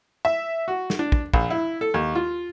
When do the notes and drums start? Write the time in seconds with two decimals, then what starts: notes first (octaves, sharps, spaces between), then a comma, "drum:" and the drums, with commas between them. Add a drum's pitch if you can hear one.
0.25 E5
0.68 F#4
0.90 drum: snare
0.99 D4
1.12 drum: kick
1.34 A#1, drum: kick
1.50 E4
1.81 A4
1.94 D#2
2.15 F4